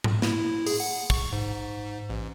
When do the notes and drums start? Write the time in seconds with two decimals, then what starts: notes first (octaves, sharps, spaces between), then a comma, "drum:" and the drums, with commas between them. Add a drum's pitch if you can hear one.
0.04 drum: tom G#2
0.22 E4, drum: snare
0.67 G#4, drum: open hi-hat
0.80 F#5
1.10 C#6, drum: kick
1.33 G#2
2.10 A1